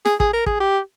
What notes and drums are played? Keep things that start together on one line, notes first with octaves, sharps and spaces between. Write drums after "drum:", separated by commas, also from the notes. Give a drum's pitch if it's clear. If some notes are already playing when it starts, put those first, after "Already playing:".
G#4, drum: snare
G#4, drum: kick
A#4
G#4, drum: kick
G4